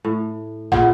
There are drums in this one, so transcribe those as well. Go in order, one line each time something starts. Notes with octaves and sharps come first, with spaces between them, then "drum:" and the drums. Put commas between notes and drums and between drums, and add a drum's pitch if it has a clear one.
A2
A#2 C#3 E4 F#5, drum: kick